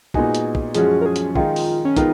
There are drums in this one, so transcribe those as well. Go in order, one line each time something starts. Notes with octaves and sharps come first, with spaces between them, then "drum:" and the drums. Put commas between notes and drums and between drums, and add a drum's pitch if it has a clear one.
A#2 G#3 B3 D#4 F#4 G#4, drum: kick
drum: hi-hat
drum: kick
F#2 F3 G#3 C#4 F#4 G#4, drum: hi-hat
A#4
G#4
drum: hi-hat
D#3 G#3 D#4 F4 G#4, drum: kick
drum: open hi-hat
C#4
D#3 G#3 B3 D#4 F4 A#4, drum: kick, hi-hat